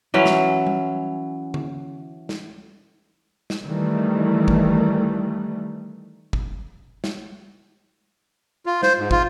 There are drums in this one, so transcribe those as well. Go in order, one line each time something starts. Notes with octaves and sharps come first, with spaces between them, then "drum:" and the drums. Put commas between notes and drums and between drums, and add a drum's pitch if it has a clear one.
E3 F#3 C#4
drum: snare
drum: tom G3
drum: tom D3
drum: snare
drum: snare
D#3 E3 G3 A3
drum: kick
drum: kick
drum: snare
F4
C5, drum: snare
G#2
F4, drum: kick